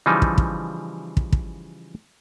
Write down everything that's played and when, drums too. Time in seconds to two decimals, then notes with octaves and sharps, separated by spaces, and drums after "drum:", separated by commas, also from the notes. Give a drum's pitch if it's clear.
0.06 C#3 E3 F3 G3 D#4
0.22 drum: kick
0.38 drum: kick
1.17 drum: kick
1.32 drum: kick